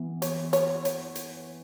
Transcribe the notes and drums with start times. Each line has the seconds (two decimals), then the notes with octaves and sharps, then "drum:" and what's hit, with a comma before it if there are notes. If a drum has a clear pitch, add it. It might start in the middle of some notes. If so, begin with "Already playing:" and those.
Already playing: E3 B3
0.22 C#5, drum: hi-hat
0.53 C#5, drum: hi-hat
0.85 C#5, drum: hi-hat
1.15 drum: hi-hat